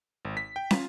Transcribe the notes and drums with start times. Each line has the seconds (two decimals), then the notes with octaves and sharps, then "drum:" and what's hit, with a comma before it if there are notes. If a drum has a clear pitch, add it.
0.25 G#1
0.37 B6
0.56 G5
0.71 F4, drum: snare